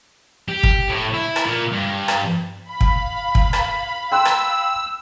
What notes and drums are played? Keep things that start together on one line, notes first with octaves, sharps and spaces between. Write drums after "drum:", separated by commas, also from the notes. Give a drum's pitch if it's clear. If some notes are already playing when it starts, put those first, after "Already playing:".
G4
drum: kick
A2
E4
drum: rim click
A#2
G2
drum: rim click
F5 B5
drum: kick
drum: kick
drum: rim click
G5 C6 E6 F#6
drum: rim click